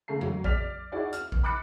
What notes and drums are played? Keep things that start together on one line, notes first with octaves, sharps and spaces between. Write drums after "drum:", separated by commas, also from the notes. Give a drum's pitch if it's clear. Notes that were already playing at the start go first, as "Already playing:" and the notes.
C#3 A3 A#5 C7
F#3, drum: tom F2
D5 F6 B6 F7, drum: kick A#1
D#4 E4 F#4 G#4 D5 F#5
F6, drum: hi-hat
drum: kick A#1
B5 D6 F#6 A6 C#7